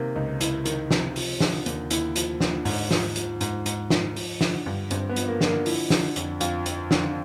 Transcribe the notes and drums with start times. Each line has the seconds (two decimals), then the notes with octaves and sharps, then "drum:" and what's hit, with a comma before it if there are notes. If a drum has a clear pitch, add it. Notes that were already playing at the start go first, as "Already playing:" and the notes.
Already playing: C3 D#3 A#3
0.16 C#2 D#4
0.40 C#2 E4, drum: hi-hat
0.65 D#3, drum: hi-hat
0.91 C3, drum: snare
1.16 F3, drum: open hi-hat
1.40 D3, drum: snare
1.66 D#2, drum: hi-hat
1.90 D#2 E4, drum: hi-hat
2.16 F3, drum: hi-hat
2.41 D3, drum: snare
2.65 G#2, drum: open hi-hat
2.91 F3, drum: snare
3.16 F3, drum: hi-hat
3.41 G#2, drum: hi-hat
3.66 G#2, drum: hi-hat
3.90 F3, drum: snare
4.16 F3, drum: open hi-hat
4.41 D3, drum: snare
4.66 G2
4.91 G2 C4, drum: hi-hat
5.09 B3
5.16 F3, drum: hi-hat
5.28 A#3
5.41 D3, drum: snare
5.47 A#3
5.66 F3 E4, drum: open hi-hat
5.90 D3, drum: snare
6.16 F2, drum: hi-hat
6.41 F2 F4, drum: hi-hat
6.66 F3, drum: hi-hat
6.91 D3, drum: snare